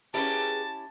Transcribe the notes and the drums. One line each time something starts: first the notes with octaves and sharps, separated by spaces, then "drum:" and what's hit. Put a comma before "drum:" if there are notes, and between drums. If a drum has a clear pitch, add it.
C#4 E4 G4 G#4 A#4 B4 A5, drum: open hi-hat